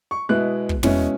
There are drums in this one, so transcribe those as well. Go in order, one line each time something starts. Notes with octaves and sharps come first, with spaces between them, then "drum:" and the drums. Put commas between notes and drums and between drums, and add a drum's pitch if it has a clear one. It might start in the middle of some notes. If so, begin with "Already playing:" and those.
C#6
B2 G#3 B3 E4 F#6
drum: kick
B2 G#3 C#4 E4, drum: tom